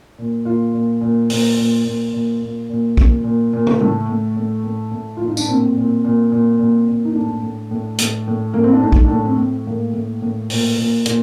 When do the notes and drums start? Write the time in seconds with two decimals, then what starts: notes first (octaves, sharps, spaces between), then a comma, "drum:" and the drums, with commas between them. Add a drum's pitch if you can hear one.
0.18 A#2
0.45 A#2 F4
0.74 A#2
1.01 A#2
1.30 A#2, drum: open hi-hat
1.57 A#2
1.85 A#2
2.13 A#2
2.42 A#2
2.70 A#2
2.97 A#2, drum: kick
3.24 A#2
3.53 A#2
3.67 drum: tom
3.80 A2 A3
4.09 A2
4.36 A2
4.64 A2
4.92 A2
5.17 A2 F4
5.28 D#4
5.37 D4, drum: tambourine
5.48 A#2 C4
5.76 A#2
6.04 A#2
6.32 A#2
6.59 A#2
6.88 A#2
7.05 D#4
7.15 A2 D4
7.43 A2
7.71 A2
7.98 A2, drum: hi-hat
8.28 A2
8.53 A2 A#3
8.64 C4
8.73 D4
8.82 A2 D#4
8.92 drum: kick
9.04 D4
9.11 A2
9.25 C4
9.38 A2
9.67 A2 A#3
9.94 A2
10.22 A2
10.50 A#2, drum: open hi-hat
10.78 A#2
11.06 A#2, drum: hi-hat